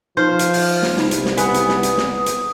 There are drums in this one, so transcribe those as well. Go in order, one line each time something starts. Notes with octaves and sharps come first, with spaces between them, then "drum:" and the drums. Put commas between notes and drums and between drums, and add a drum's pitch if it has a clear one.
F3 D#4 C5 C#6 F6
drum: hi-hat
drum: open hi-hat
drum: snare
C2 D#4 B5, drum: snare
drum: hi-hat
drum: snare
B3 G#5 D#6, drum: hi-hat
drum: hi-hat
drum: snare
drum: hi-hat
drum: snare
drum: hi-hat